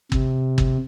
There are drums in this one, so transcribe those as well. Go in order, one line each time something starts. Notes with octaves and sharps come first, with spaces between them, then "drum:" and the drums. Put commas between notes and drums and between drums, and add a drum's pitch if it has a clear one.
C3, drum: kick G1
drum: kick G1